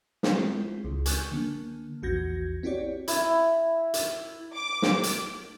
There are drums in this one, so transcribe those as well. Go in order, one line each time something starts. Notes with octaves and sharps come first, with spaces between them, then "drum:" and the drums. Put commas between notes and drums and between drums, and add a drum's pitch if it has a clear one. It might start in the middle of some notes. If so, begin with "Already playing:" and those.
drum: snare
G#3 C4 E4 F4
C#2
G#5 C#6 F#6 G6, drum: hi-hat
D3 A#3
A#1 E2 F#4 G6 G#6 A#6
C4 E4 F#4 G4 C#5 D5
E4, drum: hi-hat
drum: hi-hat
D6
drum: snare
drum: hi-hat